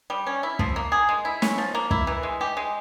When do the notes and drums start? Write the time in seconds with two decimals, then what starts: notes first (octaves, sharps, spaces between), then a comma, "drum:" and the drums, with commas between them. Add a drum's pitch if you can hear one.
0.10 G3
0.27 C#4
0.43 E4
0.59 F3, drum: kick
0.76 A#3
0.92 G#4
1.09 G#3
1.25 E4
1.42 C#4, drum: snare
1.58 F3
1.75 A#3
1.91 E4, drum: kick
2.07 E3
2.23 G#3
2.41 G4
2.57 G#3